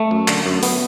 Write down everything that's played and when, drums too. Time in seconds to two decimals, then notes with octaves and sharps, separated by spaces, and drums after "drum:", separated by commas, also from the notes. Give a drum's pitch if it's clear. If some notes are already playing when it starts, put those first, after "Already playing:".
Already playing: A3
0.11 F#2
0.28 D3, drum: clap
0.46 F#2
0.63 B3, drum: open hi-hat